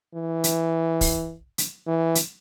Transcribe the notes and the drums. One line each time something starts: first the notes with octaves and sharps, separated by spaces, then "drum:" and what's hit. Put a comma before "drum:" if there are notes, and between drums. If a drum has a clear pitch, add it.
E3
drum: hi-hat
drum: kick, open hi-hat
drum: hi-hat
E3
drum: hi-hat